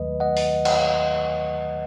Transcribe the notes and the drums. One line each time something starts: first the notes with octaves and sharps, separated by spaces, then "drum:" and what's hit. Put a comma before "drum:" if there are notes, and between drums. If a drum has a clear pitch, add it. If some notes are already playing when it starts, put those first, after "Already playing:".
Already playing: D#2 D#3 F#3 A3 B4 D#5
D#5 F#5
drum: open hi-hat
D#5 F#5, drum: cymbal